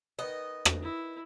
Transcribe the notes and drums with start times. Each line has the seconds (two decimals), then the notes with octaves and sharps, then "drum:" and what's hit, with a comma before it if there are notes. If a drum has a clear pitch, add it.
0.19 D#3 B3 D#5
0.65 drum: rim click
0.82 E4